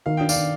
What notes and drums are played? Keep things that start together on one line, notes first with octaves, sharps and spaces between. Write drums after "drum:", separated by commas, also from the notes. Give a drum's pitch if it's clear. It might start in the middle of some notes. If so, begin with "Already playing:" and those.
D#3 F5
D4 G5
D5 F5, drum: tambourine
D#3